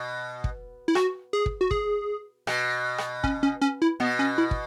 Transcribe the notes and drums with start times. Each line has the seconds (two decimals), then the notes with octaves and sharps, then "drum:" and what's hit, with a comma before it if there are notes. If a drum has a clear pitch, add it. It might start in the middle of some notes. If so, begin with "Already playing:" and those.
Already playing: B2
0.44 drum: kick
0.88 E4
0.95 F#4, drum: rim click
1.33 G#4
1.46 drum: kick
1.61 F#4
1.71 G#4, drum: kick
2.47 B2, drum: rim click
2.98 drum: rim click
3.24 C#4, drum: kick
3.43 C#4
3.61 C#4
3.82 E4
4.00 B2 B3
4.19 C#4
4.38 E4
4.51 drum: kick